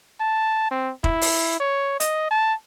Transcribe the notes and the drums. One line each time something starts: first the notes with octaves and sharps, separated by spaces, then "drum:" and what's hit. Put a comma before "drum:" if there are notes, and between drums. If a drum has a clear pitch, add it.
A5
C4
E4, drum: kick F1
drum: open hi-hat
C#5
D#5, drum: hi-hat
A5